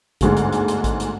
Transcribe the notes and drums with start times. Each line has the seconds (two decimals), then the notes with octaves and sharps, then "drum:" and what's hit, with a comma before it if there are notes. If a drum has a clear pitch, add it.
0.21 G1 D2 G#2 G#3, drum: kick A1, hi-hat
0.37 drum: hi-hat
0.52 drum: hi-hat
0.68 drum: hi-hat
0.84 drum: kick A1, hi-hat
1.00 drum: hi-hat